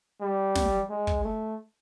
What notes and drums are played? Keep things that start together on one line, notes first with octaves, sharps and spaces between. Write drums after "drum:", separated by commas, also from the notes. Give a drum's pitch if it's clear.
G3
drum: snare
G#3
drum: kick
A3